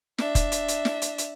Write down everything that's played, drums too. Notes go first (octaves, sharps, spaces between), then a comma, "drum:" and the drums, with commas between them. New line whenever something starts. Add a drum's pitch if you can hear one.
D4 E5, drum: snare
drum: kick F1, hi-hat
drum: hi-hat
drum: hi-hat
drum: snare
drum: hi-hat
drum: hi-hat